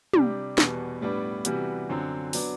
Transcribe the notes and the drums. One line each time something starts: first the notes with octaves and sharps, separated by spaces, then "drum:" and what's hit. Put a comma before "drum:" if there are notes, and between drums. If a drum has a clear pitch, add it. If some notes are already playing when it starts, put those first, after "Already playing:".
C3 G3 D4 G4, drum: tom
E2 B2 G3 B3, drum: snare
A2 G3 B3 D4
C3 E3 G3 B3 F#4, drum: hi-hat
F#2 D3 F#3 C4
F#3 B3 D4, drum: open hi-hat